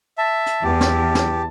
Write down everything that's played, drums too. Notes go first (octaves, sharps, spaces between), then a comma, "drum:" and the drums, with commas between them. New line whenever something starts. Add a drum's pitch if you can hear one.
E5 A5
drum: hi-hat
E2 G4
drum: snare
drum: snare